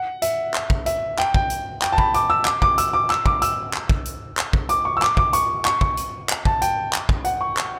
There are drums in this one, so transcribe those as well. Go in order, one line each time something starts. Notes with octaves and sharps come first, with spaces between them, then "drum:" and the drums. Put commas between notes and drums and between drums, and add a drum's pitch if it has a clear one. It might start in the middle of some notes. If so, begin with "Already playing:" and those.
Already playing: F#5
E5, drum: hi-hat
drum: clap
drum: kick
E5, drum: hi-hat
G5, drum: clap
G5, drum: kick
drum: hi-hat
G5, drum: clap
A5
B5, drum: kick
D6, drum: hi-hat
E6
D6, drum: clap
D6, drum: kick
E6, drum: hi-hat
D6
E6, drum: clap
D6, drum: kick
E6, drum: hi-hat
drum: clap
drum: kick
drum: hi-hat
drum: clap
drum: kick
D6, drum: hi-hat
C#6
E6
D6, drum: clap
D6, drum: kick
C#6, drum: hi-hat
C#6, drum: clap
C#6, drum: kick
drum: hi-hat
drum: clap
A5, drum: kick
G5, drum: hi-hat
drum: clap
drum: kick
F#5, drum: hi-hat
C#6
drum: clap